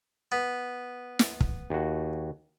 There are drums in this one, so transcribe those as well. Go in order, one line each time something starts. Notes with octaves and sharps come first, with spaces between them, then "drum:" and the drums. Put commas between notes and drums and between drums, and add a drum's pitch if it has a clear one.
B3
drum: snare
drum: kick
D#2 F#4